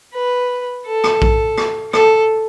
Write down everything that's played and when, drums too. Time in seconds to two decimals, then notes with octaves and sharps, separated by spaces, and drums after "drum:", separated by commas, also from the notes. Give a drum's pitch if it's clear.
0.14 B4
0.86 A4
1.04 drum: rim click
1.22 drum: kick A#1
1.58 drum: rim click
1.93 A4, drum: rim click